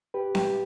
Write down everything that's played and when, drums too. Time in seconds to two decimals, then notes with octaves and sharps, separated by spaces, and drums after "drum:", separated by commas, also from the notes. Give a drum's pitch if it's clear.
0.14 G4 B4
0.35 E4 G4, drum: snare C4